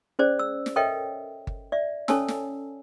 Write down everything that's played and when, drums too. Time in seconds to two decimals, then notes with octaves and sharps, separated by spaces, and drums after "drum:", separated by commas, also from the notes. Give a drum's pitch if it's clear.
0.19 C#4 G#4 C5 D5
0.39 E6
0.66 drum: snare
0.76 A4 A#4 C#5 D#5 E5 G5
1.47 drum: kick G1
1.72 D5 E5
2.08 C#4 A4 C#5 G#5 A5 E6, drum: snare
2.28 drum: snare